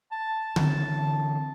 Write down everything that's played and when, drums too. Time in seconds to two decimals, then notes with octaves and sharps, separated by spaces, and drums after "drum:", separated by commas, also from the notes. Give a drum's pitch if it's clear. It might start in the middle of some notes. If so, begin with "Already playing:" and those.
0.12 A5
0.56 D3 E3 C4, drum: tom D3